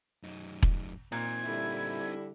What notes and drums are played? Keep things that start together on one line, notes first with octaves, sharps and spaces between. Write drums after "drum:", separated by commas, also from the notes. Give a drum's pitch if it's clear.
F#2 D#4
drum: kick E1
A#2 C4 D#4 G#6
D3 G3 E4